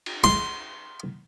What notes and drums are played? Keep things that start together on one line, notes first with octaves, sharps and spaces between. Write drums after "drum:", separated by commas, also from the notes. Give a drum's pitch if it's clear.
drum: cymbal
C6, drum: snare